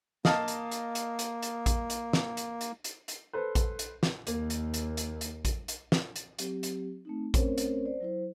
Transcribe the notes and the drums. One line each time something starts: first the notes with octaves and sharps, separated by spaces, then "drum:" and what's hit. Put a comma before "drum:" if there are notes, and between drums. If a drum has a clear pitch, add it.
A#3 D#5 F5 A5, drum: snare
drum: hi-hat
drum: hi-hat
drum: hi-hat
drum: hi-hat
drum: hi-hat
drum: kick A1, hi-hat
drum: hi-hat
drum: snare
drum: hi-hat
drum: hi-hat
drum: hi-hat
drum: hi-hat
A4 B4 C5
drum: kick A1, hi-hat
drum: hi-hat
drum: snare
D#2 A#3, drum: hi-hat
drum: hi-hat
drum: hi-hat
drum: hi-hat
drum: hi-hat
drum: kick A1, hi-hat
drum: hi-hat
drum: snare
drum: hi-hat
F#3 C4 G4, drum: hi-hat
drum: hi-hat
A3 C4 D#4
A3 C4 C#4 A#4 C5 C#5, drum: kick A1, hi-hat
drum: hi-hat
C5 D5
F#3 E4 C5